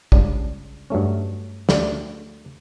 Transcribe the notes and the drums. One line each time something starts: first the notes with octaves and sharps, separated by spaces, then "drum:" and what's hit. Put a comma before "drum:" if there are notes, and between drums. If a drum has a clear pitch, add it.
C#2 C#3 G3 D4, drum: kick
G2 F#3 A3 C#4
D2 D3 A3 D4 G4, drum: snare